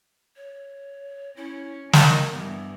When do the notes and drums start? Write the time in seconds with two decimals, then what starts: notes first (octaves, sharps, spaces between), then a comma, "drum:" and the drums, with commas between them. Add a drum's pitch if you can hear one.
0.37 C#5
1.37 C#4 E4
1.93 D#4 A#4, drum: snare
2.32 G2 E3 B3